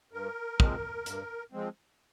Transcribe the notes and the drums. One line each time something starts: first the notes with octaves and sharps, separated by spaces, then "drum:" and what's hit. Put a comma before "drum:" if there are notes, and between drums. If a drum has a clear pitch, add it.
G2 A#4
F3 G#3 C4, drum: kick
G2, drum: hi-hat
F3 G#3 C4